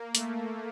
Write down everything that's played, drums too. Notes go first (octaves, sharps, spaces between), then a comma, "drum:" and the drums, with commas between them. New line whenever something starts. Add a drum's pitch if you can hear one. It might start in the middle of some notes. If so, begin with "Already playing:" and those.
Already playing: A#3
A3, drum: hi-hat